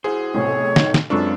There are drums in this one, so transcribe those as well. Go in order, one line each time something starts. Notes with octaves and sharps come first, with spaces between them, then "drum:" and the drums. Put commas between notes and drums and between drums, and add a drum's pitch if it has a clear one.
E4 F#4 G#4 C5
B1 A2 C3 C#5
F#2 D#4, drum: snare
drum: snare
F#2 G#3 C4 D4 F4 A4 B4 C#6